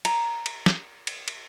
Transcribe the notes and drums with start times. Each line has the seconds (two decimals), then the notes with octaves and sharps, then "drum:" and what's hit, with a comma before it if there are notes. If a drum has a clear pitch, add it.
0.05 A#5, drum: cymbal
0.46 drum: cymbal
0.66 drum: snare
1.07 drum: cymbal
1.28 drum: cymbal